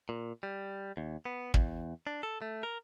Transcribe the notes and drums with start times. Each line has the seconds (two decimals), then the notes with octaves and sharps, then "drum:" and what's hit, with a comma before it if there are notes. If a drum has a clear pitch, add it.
0.09 A#2
0.43 G3
0.97 D#2
1.25 B3
1.54 E2, drum: kick
2.07 D4
2.23 A4
2.42 A3
2.63 A#4